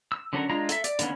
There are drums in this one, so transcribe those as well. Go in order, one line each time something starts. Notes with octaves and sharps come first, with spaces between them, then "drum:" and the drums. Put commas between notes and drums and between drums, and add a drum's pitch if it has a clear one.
E6
D3 F#3 C#4 A4 A#4
G#3 D4 F4 A#5
A4 E5, drum: hi-hat
D5, drum: hi-hat
D3 D#3 A#3 B3 C#4, drum: hi-hat